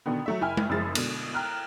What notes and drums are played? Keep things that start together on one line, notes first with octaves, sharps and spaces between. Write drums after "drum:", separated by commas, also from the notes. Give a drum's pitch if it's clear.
B2 D3 D#3 B3
F#3 A3 E5
F#1 E4 G5 G#5 F6
drum: tom G#3
F#1 F#2 F3 E4 G#4 A6
B2 D3, drum: cymbal
G5 A#5 F6 F#6